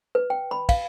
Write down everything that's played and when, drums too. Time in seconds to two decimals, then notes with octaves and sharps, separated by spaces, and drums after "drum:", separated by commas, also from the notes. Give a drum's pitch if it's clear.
0.15 B4
0.30 G5
0.51 B5
0.69 F5, drum: kick, cymbal